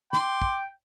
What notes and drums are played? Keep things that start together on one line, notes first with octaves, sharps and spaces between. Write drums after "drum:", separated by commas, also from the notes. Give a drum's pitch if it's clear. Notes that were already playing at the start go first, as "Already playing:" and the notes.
G5 C6 D6, drum: snare
drum: kick